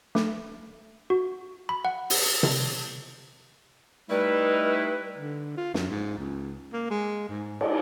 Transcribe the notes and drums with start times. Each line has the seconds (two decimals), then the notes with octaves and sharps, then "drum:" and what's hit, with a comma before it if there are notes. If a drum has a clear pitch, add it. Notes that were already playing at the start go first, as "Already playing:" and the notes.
0.15 A3, drum: snare
1.10 F#4
1.69 B5
1.85 F#5
2.10 drum: open hi-hat
2.43 drum: tom C3
4.10 G3 A3 D#4 E4 B4
5.18 D3
5.57 F4
5.74 F#2, drum: snare
5.90 G#2
6.18 C#2
6.73 A#3
6.90 G#3
7.29 G#2
7.61 drum: cymbal